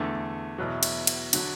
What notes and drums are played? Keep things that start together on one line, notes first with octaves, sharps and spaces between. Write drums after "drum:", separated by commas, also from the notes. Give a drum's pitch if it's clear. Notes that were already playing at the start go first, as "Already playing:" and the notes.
Already playing: E2 D3 A3
E2 B2 F#3
drum: cymbal
drum: cymbal
D3 F#3, drum: cymbal